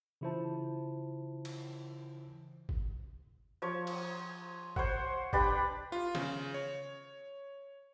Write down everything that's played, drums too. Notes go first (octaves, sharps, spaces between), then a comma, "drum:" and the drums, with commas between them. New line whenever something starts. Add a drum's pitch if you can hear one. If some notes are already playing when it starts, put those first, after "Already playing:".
C#3 E3 E4 F4 C5 A5
drum: cymbal
drum: kick G#1
F3 C#5
drum: cymbal
C5 C#5 F#5, drum: kick G#1
D4 G4 B4 D5, drum: kick G#1
F4
C#3, drum: snare
C#5